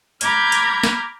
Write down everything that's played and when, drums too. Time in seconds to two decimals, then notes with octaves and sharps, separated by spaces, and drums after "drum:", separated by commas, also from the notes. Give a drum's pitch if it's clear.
0.21 A#5 B5 D6 F6 G6 G#6, drum: hi-hat
0.52 drum: hi-hat
0.83 drum: snare